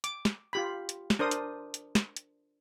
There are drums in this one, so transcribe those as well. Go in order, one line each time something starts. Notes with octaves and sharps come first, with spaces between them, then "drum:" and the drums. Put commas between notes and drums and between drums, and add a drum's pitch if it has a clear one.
D6, drum: hi-hat
drum: snare
F4 G4 B5
drum: hi-hat
drum: snare
D4 A#4 C5 D#6
drum: hi-hat
drum: hi-hat
drum: snare
drum: hi-hat